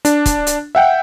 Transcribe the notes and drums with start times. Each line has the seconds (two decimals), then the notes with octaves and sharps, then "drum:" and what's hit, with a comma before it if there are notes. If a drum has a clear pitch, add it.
0.05 D4, drum: hi-hat
0.26 drum: kick, hi-hat
0.47 drum: hi-hat
0.75 E5 F#5 G5